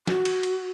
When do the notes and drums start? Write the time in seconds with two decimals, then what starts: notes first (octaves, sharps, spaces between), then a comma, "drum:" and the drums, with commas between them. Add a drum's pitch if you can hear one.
0.07 F#4, drum: snare
0.25 drum: cymbal
0.43 drum: cymbal